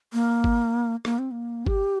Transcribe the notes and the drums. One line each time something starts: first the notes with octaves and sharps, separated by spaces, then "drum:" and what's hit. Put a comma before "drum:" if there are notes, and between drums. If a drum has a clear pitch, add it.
A#3
drum: kick G1
A#3, drum: rim click
C4
A#3
G4, drum: kick G1